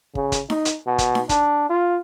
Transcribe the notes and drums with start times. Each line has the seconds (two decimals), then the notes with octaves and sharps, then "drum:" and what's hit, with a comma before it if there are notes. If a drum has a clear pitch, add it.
0.15 C#3, drum: kick
0.32 drum: kick, hi-hat
0.50 D#4, drum: snare D#4
0.65 drum: hi-hat
0.87 B2
0.98 drum: kick, hi-hat
1.15 drum: snare D#4
1.29 D4, drum: kick, hi-hat
1.70 F4